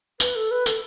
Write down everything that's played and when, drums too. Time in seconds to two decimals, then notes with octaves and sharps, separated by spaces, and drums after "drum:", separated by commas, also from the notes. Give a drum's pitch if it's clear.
0.20 B4, drum: tambourine
0.36 A4
0.51 B4
0.66 A4, drum: tambourine